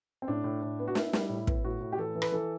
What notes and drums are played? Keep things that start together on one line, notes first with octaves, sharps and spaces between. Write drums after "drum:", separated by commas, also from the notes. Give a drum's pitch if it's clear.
C4
A2 D4
A2
A2
B3
F#4
B3 E4, drum: snare
G3, drum: snare
A2
B3, drum: kick
A2 F#4
A2
G4
E3 A4
E3
B4, drum: rim click
E3 A4